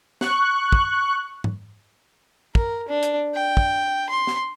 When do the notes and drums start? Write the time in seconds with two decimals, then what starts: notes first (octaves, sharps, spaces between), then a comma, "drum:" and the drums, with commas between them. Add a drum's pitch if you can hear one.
0.21 C#6 F#6, drum: snare
0.72 drum: kick
1.44 drum: tom
2.55 A#4, drum: kick
2.89 D4
3.03 drum: hi-hat
3.34 G5
3.57 drum: kick
4.09 C6
4.27 drum: snare